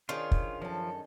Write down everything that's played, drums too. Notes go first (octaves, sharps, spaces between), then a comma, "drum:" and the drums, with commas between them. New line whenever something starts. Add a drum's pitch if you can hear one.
D#3 C#4 D4 F4 G#4 C5
drum: kick
F#2 F3 A4